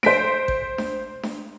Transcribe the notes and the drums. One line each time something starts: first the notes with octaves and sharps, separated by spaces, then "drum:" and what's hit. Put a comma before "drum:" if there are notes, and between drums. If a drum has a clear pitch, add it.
C5 B6 D7, drum: snare D4
drum: kick A1
drum: snare D4
drum: snare D4